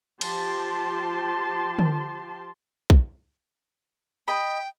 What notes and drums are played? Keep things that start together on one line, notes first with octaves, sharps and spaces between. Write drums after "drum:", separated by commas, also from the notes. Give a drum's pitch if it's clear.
F3 G4 A5 C6, drum: cymbal
drum: tom D3
drum: kick
D#5 G5 B5